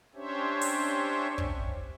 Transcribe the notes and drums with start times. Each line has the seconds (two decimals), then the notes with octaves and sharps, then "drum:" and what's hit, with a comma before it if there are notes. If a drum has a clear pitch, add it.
0.15 C#4 D4 G4 C5 C#5 E5
0.61 drum: open hi-hat
1.38 drum: kick